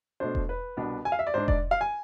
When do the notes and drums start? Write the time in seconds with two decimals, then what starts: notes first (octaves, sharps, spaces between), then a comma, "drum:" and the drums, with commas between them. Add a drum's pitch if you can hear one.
0.20 B2 A3 D4 C5
0.35 drum: kick E1
0.49 B4
0.77 C2 B2 B3 D4
1.05 G#5
1.12 F5
1.19 E5
1.27 D5
1.34 G#2 G#3 D4 C5
1.48 D5, drum: kick E1
1.71 F5
1.81 G#5